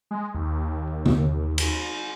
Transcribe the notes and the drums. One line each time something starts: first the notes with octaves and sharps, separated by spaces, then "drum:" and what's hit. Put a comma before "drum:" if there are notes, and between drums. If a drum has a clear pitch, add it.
G#3
D#2
drum: tom
drum: cymbal